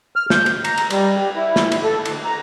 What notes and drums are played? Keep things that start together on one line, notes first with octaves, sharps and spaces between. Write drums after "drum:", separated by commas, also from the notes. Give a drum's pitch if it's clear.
F6
G6, drum: snare
drum: cymbal
A#5, drum: cymbal
drum: cymbal
G3, drum: cymbal
G3
E4
drum: snare
drum: cymbal
A4
D2, drum: cymbal
A#5